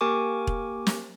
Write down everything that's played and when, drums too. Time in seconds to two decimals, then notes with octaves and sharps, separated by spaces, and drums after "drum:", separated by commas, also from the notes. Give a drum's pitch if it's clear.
0.01 A#3 G4 A#4 G#5 C#6 D6
0.47 drum: kick E1
0.87 drum: snare